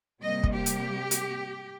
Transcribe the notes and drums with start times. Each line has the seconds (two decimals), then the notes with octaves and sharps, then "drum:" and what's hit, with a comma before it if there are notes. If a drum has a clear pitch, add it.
0.21 C3 G3 A#3 D#5
0.43 drum: kick
0.54 G4
0.66 drum: hi-hat
1.11 drum: hi-hat